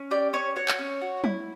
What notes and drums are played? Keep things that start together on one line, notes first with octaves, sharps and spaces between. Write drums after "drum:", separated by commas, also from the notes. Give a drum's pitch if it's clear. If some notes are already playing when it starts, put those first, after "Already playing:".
Already playing: C#4
G4 D5
C#4 C#5
F#4 C#5
drum: clap
C#4
F#4
E4, drum: tom F#3